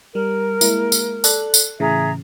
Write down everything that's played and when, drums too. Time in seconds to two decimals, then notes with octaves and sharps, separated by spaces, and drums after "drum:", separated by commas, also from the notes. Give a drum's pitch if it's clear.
0.15 G3 A#4
0.61 G#3 A#3 E4, drum: tambourine
0.92 drum: tambourine
1.24 A4 D5 F#6, drum: tambourine
1.54 drum: tambourine
1.80 A2 C#3 E3 G#4 E5 A#5